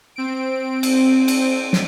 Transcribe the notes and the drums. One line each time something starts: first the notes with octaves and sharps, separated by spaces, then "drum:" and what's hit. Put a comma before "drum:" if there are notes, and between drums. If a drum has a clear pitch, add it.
C4 D7
drum: cymbal
drum: cymbal
drum: snare